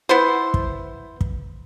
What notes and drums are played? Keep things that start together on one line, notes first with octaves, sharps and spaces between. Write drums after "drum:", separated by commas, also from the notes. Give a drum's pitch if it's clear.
B3 E4 C5
drum: kick
drum: kick